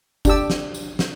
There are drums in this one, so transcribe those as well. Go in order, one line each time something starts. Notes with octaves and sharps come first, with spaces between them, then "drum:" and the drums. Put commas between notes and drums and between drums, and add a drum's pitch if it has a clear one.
D4 G4 E6, drum: kick F#1, tambourine
drum: snare
drum: tambourine
drum: snare